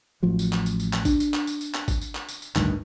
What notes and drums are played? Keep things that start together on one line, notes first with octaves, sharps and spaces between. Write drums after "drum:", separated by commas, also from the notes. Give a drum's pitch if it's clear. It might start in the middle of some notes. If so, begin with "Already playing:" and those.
A1 F3 F#3
drum: tambourine
drum: clap
drum: tambourine
drum: tambourine
drum: clap
D4, drum: kick G#1, tambourine
drum: tambourine
drum: clap
drum: tambourine
drum: tambourine
drum: clap
drum: kick G#1, tambourine
drum: tambourine
drum: clap
drum: tambourine
drum: tambourine
A1 D2 G2 D#3, drum: clap